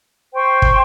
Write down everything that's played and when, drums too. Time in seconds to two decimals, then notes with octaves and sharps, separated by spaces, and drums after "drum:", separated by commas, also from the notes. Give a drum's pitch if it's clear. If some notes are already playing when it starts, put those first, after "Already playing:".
0.32 C5 G5 C#6
0.62 drum: kick